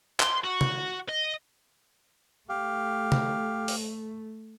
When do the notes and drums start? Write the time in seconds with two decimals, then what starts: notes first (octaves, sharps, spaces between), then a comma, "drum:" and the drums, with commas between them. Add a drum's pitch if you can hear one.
0.20 C6, drum: clap
0.44 F#4
0.61 drum: tom C3
1.09 D#5
2.49 A3 G4 F5
3.12 drum: tom C3
3.68 drum: open hi-hat